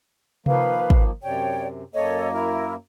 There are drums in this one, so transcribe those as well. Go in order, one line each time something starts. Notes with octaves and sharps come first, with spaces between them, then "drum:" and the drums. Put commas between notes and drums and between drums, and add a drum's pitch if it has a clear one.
D#3 F3 A#3 B4 F5, drum: tom C3
drum: kick
F#2 C3 C#5 D5 G5
F#2 A#3 A4 C#5 D#5
E4 A#4